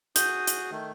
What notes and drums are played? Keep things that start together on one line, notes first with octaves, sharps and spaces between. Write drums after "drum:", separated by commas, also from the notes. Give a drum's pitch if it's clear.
F#4 G#4 D#6 G6, drum: hi-hat
drum: hi-hat
D#3 A3